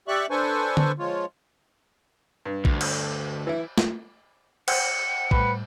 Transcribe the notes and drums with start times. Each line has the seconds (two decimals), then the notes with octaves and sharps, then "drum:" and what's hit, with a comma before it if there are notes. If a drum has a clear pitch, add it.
0.08 G4 D5 E5 C#6 F#6
0.30 D4 A4 B4 C5 G#5 C#6
0.77 drum: tom D3
0.99 F3 G#3 F4 C#5
2.45 G2
2.65 D2, drum: kick A#1
2.81 drum: cymbal
3.47 E3 E4
3.78 drum: snare
4.68 C5 F#5 G5 C#7, drum: cymbal
5.31 A2 G3 B4, drum: kick A#1